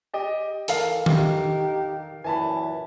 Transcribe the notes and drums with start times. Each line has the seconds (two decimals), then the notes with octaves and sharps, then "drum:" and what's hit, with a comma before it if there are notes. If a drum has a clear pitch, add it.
0.14 G4 D#5 G5
0.68 E3 A4 A#4 F5, drum: hi-hat
1.06 D#4 G4, drum: tom D#3
2.24 F#2 A#2 E3 G#5 A5 B5